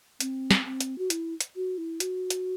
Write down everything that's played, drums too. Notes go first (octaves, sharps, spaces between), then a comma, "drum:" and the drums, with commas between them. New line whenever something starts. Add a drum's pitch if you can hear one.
C4, drum: hi-hat
drum: snare
C4
drum: hi-hat
F#4
E4, drum: hi-hat
drum: hi-hat
F#4
E4
F#4, drum: hi-hat
drum: hi-hat